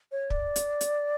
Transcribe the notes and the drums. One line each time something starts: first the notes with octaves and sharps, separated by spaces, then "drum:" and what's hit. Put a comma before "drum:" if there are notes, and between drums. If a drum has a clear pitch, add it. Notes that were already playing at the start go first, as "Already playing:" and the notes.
C#5
D5, drum: kick
drum: hi-hat
drum: hi-hat